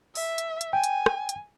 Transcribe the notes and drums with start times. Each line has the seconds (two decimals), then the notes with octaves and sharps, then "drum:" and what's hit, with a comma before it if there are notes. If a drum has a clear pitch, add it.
0.15 E5, drum: open hi-hat
0.38 drum: hi-hat
0.61 drum: hi-hat
0.73 G5 G#5
0.84 drum: hi-hat
1.06 drum: rim click
1.29 drum: hi-hat